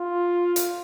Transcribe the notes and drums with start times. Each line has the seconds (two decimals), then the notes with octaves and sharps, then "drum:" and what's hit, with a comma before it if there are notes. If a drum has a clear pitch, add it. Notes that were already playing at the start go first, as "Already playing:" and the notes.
Already playing: F4
0.56 drum: hi-hat